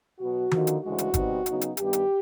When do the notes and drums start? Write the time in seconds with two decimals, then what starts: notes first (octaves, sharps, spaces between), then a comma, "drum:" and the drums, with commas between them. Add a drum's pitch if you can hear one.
0.19 B2 F#3 B3 F#4
0.51 D3 F3 A#3 D#4, drum: tom D#3
0.67 drum: hi-hat
0.83 D2 C#3 E3 G#3 F#4
0.98 drum: hi-hat
1.14 B2 G3 C4 D#4, drum: kick, hi-hat
1.46 C#3 F#3 B3 D#4, drum: hi-hat
1.61 drum: hi-hat
1.77 G2 D#3 G3 B3 G4, drum: hi-hat
1.93 drum: hi-hat